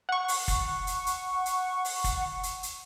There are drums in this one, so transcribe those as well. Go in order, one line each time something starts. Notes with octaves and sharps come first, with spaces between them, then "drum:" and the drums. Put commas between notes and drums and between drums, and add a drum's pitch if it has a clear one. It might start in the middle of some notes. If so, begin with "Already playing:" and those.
F#5 C#6
drum: open hi-hat
drum: kick, hi-hat
drum: hi-hat
drum: hi-hat
drum: hi-hat
drum: open hi-hat
drum: kick, hi-hat
drum: hi-hat
drum: hi-hat